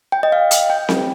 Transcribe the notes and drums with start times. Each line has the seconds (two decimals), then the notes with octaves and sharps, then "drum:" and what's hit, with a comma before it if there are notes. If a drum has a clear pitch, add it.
0.12 G5
0.23 D#5
0.32 F5
0.51 drum: hi-hat
0.70 G5
0.89 drum: snare C4